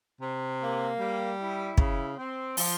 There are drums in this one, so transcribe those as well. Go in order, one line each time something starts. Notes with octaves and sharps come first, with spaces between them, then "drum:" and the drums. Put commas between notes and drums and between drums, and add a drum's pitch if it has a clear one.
C3
A#3
G3
E4
C#3, drum: kick
C4
F3, drum: open hi-hat